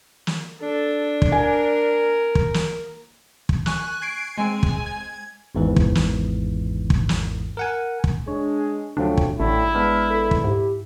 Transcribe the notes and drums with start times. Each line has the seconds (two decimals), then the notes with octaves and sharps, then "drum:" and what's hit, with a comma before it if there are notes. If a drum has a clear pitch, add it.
0.27 drum: snare
0.62 D4 A4
1.22 drum: kick
1.32 A#4 G#5
2.35 drum: kick
2.54 drum: snare
3.49 drum: kick
3.66 G#5 C#6 F#6, drum: snare
4.02 G#6 C7 D7
4.37 G#3 C4 G#5
4.63 drum: kick
4.86 G#6
5.55 G#1 E2 G#2 E3
5.76 drum: kick
5.95 drum: snare
6.90 drum: kick
7.09 drum: snare
7.57 A#4 F#5 G#5
8.04 drum: kick
8.28 G#3 D4 C#5
8.97 D2 F3 F#3 A3 D4 G5
9.17 drum: kick
9.40 A1 A2 D3 A3 E4
9.74 G#3 B3 D4 F6
10.09 A4
10.31 drum: kick
10.44 G#2 G4